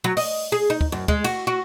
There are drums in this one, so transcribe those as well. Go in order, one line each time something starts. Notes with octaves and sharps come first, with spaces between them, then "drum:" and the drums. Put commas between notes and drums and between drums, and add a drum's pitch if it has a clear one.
F#3
D#5, drum: open hi-hat
G#4
D#4
drum: kick
F#2
G#3, drum: kick
F#4, drum: cymbal
F#4